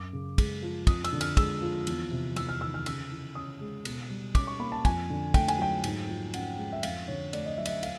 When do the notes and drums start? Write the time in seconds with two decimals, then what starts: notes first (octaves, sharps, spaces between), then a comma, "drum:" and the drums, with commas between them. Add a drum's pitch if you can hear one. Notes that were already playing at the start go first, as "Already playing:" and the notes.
Already playing: F#2 D6
0.13 C#3
0.38 G#3, drum: kick, cymbal
0.62 F3
0.87 F2 D#6, drum: kick, cymbal
1.04 E6, drum: cymbal
1.13 D3
1.21 F6, drum: cymbal
1.37 G#3 E6, drum: kick, cymbal
1.62 F3
1.87 E2, drum: cymbal
2.11 C3
2.36 E2 E6, drum: cymbal
2.49 F6
2.61 D#3 E6
2.74 F6
2.86 C#3 E6, drum: cymbal
3.11 E3
3.35 C#4 D#6
3.61 G#3
3.85 B2, drum: cymbal
4.10 G3
4.35 C#4 D6, drum: kick, cymbal
4.47 C#6
4.60 A#3 B5
4.72 A5
4.85 F2 G#5, drum: kick, cymbal
5.10 D3
5.34 A3 G5, drum: kick, cymbal
5.48 G#5, drum: cymbal
5.59 F#3 G5
5.84 G#2, drum: cymbal
6.09 F3
6.34 C#4 F#5, drum: cymbal
6.58 G#3
6.73 E5
6.83 F2 F5, drum: cymbal
7.08 D3 C#5
7.33 A3 D5, drum: cymbal
7.46 D#5
7.58 F#3 E5
7.66 D#5, drum: cymbal
7.70 E5
7.83 F5, drum: cymbal